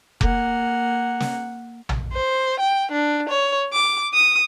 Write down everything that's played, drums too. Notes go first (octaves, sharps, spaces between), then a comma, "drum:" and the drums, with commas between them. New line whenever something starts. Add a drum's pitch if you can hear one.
A#3 F#5, drum: kick F1
drum: snare
drum: tom
C5
G5
D4
C#5
D6
D#6